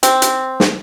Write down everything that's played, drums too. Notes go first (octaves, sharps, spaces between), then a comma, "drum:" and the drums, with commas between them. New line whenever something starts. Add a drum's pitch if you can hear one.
C4, drum: hi-hat
drum: hi-hat
drum: snare